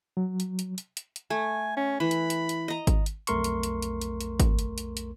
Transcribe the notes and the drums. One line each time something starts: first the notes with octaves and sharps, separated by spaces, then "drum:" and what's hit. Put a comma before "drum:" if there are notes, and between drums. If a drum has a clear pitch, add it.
F#3
drum: hi-hat
drum: hi-hat
drum: hi-hat
drum: hi-hat
drum: hi-hat
A3 G#5
C#4
E3 B5
drum: hi-hat
drum: hi-hat
drum: hi-hat
D#5 A#5
drum: kick G#1, hi-hat
drum: hi-hat
B1 F2 A3 A#4 C6 C#6, drum: hi-hat
drum: hi-hat
drum: hi-hat
drum: hi-hat
drum: hi-hat
drum: hi-hat
drum: kick G#1, hi-hat
drum: hi-hat
drum: hi-hat
drum: hi-hat